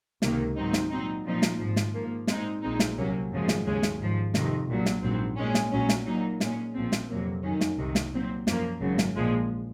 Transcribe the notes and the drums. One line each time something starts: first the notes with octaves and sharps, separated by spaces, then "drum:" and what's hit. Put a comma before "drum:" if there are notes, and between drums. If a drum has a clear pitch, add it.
C#2 C3 D#3 A#3, drum: snare
G#2 D#3 F#3 C4 D#4
drum: snare
A#2 F#3 C4 D#4
A#2 F3 C4 D#4
drum: snare
G#1 G#2 F3
drum: snare
G#2 F3 A#3
A#2 G#3 C4 D#4, drum: snare
A#1 A#2 G#3 C4 D#4
drum: snare
C2 C3 F#3 A#3 C#4
G#1 F#2 C#3 F3 G#3
drum: snare
D#2 C#3 G#3 C#4
drum: snare
G#1 G#2 F3
F2 C3 D#3, drum: snare
A#1 A#2 F#3
drum: snare
A#1 G#2 F#3 C4
A#2 G#3 C#4
drum: snare
A#1 A#2 F#3 C#4
drum: snare
A#2 F#3 A#3 D#4
A#2 G#3 C#4, drum: snare
A#1 A#2 F3 C4
drum: snare
F2 C3 F#3 A#3
F#2 D#3 F#3 C#4
drum: snare
C2 C3 D#3
drum: snare
A#2 F#3 C4
F#2 F3 A#3, drum: snare
G#1 F#2 C#3 F#3
drum: snare
A#1 A#2 F3 G#3